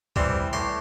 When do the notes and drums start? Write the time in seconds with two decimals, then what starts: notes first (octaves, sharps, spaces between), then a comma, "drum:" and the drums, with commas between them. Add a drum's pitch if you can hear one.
0.16 E3 G3 C4, drum: kick C2
0.53 A2 C6 D6